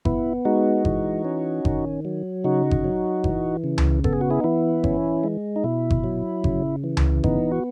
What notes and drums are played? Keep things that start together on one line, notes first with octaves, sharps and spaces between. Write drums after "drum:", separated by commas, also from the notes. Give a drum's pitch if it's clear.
B3 E4, drum: kick G1
G#3 D#4 F#4
E3, drum: kick G1
C#4
D#3, drum: kick G1
F#3
C#3 D#4 F#4
drum: kick G1
F#3
E3, drum: kick G1
C#3
drum: tom C#2
B3 A4, drum: kick G1
G#4
F#4
E4 G#4
D#4
E3 E4
C#4, drum: kick G1
G#3
D#4
B2 E4
drum: kick G1
F#3
C#3, drum: kick G1
E3
drum: tom C#2
B3 D#4, drum: kick G1
F#4